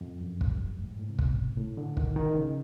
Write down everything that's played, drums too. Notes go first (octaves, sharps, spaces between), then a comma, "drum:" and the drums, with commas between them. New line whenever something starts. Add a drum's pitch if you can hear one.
F2
F#2
G2, drum: kick
A2
G#2
A2
C3
B2, drum: kick
A2
D3
D#3, drum: kick
D#3
C#3